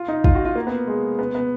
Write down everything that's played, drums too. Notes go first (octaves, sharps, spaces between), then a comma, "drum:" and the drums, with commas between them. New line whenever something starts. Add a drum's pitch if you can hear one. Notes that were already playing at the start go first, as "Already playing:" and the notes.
Already playing: F4
D#4
F4, drum: kick
F#4
F4
A#3
B3
G#3
B3
B3